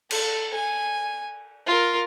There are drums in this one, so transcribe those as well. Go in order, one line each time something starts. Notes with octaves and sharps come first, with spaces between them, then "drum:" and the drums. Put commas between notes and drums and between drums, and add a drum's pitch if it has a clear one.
A4, drum: cymbal
G#5
F4 A#4